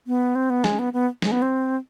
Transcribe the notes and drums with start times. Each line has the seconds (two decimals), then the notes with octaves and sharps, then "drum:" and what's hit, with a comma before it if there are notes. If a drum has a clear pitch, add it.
0.07 B3
0.35 C4
0.50 B3
0.64 G#3, drum: snare
0.79 B3
0.93 B3
1.22 G#3, drum: snare
1.31 B3
1.42 C4